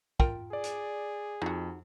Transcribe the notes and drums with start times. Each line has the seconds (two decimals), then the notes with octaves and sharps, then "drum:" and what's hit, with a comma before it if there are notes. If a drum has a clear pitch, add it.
0.20 F4 A#4 G5, drum: kick
0.53 G#4 D5
0.64 drum: hi-hat
1.42 F2 D#4 F#4